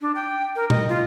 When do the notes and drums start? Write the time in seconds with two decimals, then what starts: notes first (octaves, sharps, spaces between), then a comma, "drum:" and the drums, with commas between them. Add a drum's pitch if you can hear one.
0.01 D4
0.15 G5
0.56 A#4
0.70 D#5, drum: tom A#2
0.89 F4